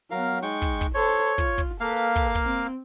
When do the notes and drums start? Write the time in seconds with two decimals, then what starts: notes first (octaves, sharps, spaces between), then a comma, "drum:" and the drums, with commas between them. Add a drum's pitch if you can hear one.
0.11 F#3 B3 A#4 F5
0.42 G#3 D#4 G5 C#6, drum: hi-hat
0.62 drum: kick
0.81 drum: kick, hi-hat
0.94 A4 C5 C#5
1.19 drum: hi-hat
1.38 F4, drum: kick
1.58 drum: kick
1.80 A#3 A4 B4 F5
1.96 drum: hi-hat
2.16 drum: kick
2.35 drum: kick, hi-hat
2.45 C4